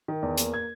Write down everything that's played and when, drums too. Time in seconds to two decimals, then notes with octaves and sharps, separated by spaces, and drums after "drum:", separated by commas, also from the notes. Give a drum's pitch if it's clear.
0.08 D#3
0.23 E2
0.37 A#3, drum: hi-hat
0.54 G#6